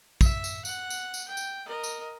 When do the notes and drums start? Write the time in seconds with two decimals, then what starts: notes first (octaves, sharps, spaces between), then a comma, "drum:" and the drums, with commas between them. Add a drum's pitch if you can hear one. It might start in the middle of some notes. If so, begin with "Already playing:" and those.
0.21 E5, drum: kick, tambourine
0.44 drum: tambourine
0.65 F#5, drum: tambourine
0.90 drum: tambourine
1.14 drum: tambourine
1.28 G5
1.37 drum: tambourine
1.66 A#4 D#5
1.83 drum: tambourine